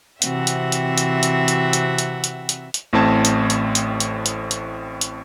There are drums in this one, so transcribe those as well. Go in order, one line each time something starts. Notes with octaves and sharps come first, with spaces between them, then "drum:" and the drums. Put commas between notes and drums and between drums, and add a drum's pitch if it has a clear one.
C3 E3 C4 F#4 E5 F#5, drum: hi-hat
drum: hi-hat
drum: hi-hat
drum: hi-hat
drum: hi-hat
drum: hi-hat
drum: hi-hat
drum: hi-hat
drum: hi-hat
drum: hi-hat
drum: hi-hat
A1 A2 C4 A5 G#6
drum: hi-hat
drum: hi-hat
drum: hi-hat
drum: hi-hat
drum: hi-hat
drum: hi-hat
drum: hi-hat